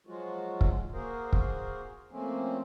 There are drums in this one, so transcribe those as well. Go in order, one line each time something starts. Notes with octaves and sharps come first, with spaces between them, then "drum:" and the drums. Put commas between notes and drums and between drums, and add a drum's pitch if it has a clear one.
F3 F#3 G#3 F4 F#4
drum: kick
A#3 F#4 G#4 A#4 C5
drum: kick
F3 A3 A#3 C4 C#4